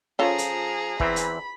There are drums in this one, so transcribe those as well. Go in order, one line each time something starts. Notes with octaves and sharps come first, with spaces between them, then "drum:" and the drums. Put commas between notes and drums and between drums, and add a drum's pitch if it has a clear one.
F3 C#4 F4 G#4 A4 A#5
drum: hi-hat
E2 E3 C4 B5, drum: kick
drum: hi-hat